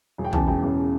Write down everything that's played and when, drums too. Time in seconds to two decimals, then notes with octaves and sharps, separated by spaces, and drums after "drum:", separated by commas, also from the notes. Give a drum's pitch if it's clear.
0.18 E1
0.24 G5
0.33 E2 C#3 A5, drum: tom
0.47 E1 G5
0.63 E2 C#3